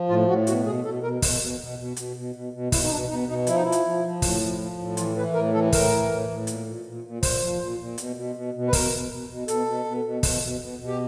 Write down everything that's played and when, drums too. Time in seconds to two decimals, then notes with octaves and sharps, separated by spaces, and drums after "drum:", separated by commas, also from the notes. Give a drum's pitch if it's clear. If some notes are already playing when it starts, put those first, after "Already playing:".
Already playing: F3
0.09 A2 F4
0.28 A2 F#4
0.47 B2 F#4, drum: hi-hat
0.66 B2 G#4
0.84 B2 A4
1.03 B2 A#4
1.22 B2, drum: kick, open hi-hat
1.41 B2
1.60 B2
1.78 B2
1.96 B2, drum: hi-hat
2.16 B2
2.35 B2
2.53 B2
2.72 B2 E4, drum: kick, open hi-hat
2.84 D#4
2.91 B2 D4
3.09 B2 D#4
3.28 B2 D#4
3.47 F3 E4, drum: hi-hat
3.55 D#4
3.63 F3 E4
3.72 drum: hi-hat
3.85 F3
4.04 F3
4.22 A2, drum: kick, open hi-hat
4.41 F3
4.60 F3
4.79 A2
4.97 E3 F4, drum: hi-hat
5.16 E3 B4
5.35 A2 A#4
5.54 E3 A4
5.72 A2 A#4, drum: kick, open hi-hat
5.91 E3
6.10 A2
6.29 A2
6.47 A#2, drum: hi-hat
6.66 A#2
6.85 A#2
7.04 A#2
7.23 A#2 C5, drum: kick, open hi-hat
7.41 F3
7.60 A#2
7.79 A#2
7.98 B2, drum: hi-hat
8.16 B2
8.35 B2
8.54 B2
8.68 B4
8.73 B2 A#4, drum: kick, open hi-hat
8.92 B2
9.11 B2
9.29 B2
9.48 B2 A4, drum: hi-hat
9.66 B2
9.85 B2
10.05 B2
10.23 B2, drum: kick, open hi-hat
10.42 B2
10.60 B2
10.79 B2
10.87 G4